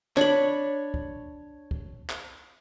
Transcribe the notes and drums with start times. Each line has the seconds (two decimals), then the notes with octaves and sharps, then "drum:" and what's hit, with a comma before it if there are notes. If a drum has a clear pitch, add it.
0.17 D4 C#5 B5, drum: clap
0.94 drum: kick
1.71 drum: kick
2.10 drum: clap